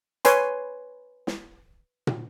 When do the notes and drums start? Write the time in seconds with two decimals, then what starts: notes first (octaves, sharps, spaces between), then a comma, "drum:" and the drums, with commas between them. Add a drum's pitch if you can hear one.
0.25 B4 C#5 G#5 C6, drum: hi-hat
1.27 drum: snare
2.07 drum: tom